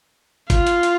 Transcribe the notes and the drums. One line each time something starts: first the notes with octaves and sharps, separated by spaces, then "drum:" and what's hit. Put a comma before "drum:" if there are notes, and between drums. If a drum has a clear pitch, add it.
F4, drum: kick G1, hi-hat
drum: hi-hat
drum: hi-hat